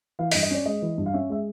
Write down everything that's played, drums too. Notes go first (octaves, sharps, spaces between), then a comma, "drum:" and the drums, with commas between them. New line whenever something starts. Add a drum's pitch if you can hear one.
E3 F5
D#5, drum: open hi-hat
G2
D#5
C#4 D5
G#3 D#5
E3
G2
F5
C#4 E5
G#3 E5